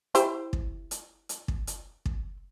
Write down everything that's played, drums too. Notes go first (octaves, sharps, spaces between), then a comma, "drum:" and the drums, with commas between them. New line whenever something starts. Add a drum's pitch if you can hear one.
E4 G4 C5, drum: hi-hat
drum: kick
drum: hi-hat
drum: hi-hat
drum: kick
drum: hi-hat
drum: kick